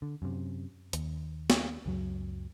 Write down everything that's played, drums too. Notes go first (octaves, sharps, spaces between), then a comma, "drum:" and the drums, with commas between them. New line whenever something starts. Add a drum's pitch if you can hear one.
D3
F#2 C3
D#2, drum: hi-hat
drum: snare
C#2 F#2 F#3